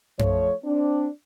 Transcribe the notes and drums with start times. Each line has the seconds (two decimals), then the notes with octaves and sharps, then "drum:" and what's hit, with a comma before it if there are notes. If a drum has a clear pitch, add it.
0.19 F3 A3 C#5, drum: tom F#2
0.65 C4 D4